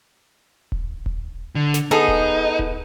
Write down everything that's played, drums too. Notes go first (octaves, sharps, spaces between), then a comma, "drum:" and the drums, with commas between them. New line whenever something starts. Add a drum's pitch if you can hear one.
drum: kick D#1
drum: kick D#1
D3
drum: snare
B3 D#4 G#4 A4
drum: kick D#1
drum: kick D#1